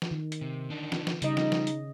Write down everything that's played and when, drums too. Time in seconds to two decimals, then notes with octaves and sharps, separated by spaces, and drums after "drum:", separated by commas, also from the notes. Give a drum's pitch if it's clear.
0.02 drum: snare
0.11 D#3
0.32 drum: hi-hat
0.41 C3
0.70 D3 D4 D#4
0.92 drum: snare
1.07 drum: snare
1.22 C#3 G3 D#4 D#5, drum: hi-hat
1.37 drum: snare
1.52 drum: snare
1.67 drum: hi-hat